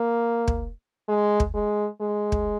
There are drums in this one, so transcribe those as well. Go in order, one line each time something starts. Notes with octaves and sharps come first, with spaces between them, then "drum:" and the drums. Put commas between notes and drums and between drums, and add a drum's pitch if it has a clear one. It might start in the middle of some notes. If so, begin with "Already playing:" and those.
Already playing: A#3
drum: kick
G#3
drum: kick
G#3
G#3
drum: kick